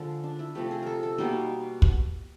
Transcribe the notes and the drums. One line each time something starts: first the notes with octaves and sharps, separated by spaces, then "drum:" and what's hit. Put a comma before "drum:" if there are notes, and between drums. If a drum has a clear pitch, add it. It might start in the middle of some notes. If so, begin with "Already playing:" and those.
Already playing: D3 F3 G#3
D4
E4
C3 F3 A3 G4
G#4
A4 A#4
A4
B2 G3 A#3 D#4
drum: kick